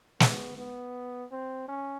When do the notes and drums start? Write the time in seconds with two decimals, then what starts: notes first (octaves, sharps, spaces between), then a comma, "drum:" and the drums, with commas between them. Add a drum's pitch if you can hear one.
0.20 B3, drum: snare
0.58 B3
1.32 C4
1.68 C#4